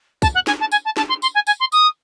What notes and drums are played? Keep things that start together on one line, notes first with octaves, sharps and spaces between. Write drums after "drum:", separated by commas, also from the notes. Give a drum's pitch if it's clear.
A5, drum: kick, tambourine
F#5
G#5, drum: snare
A5
G#5, drum: tambourine
A5
A5, drum: snare
C6
C6, drum: tambourine
G#5
G#5, drum: tambourine
C6
D#6, drum: tambourine